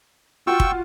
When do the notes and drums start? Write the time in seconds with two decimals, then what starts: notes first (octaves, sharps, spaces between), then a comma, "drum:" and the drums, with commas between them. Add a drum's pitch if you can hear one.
0.47 F4 F#4 G5 C#6 E6
0.60 drum: kick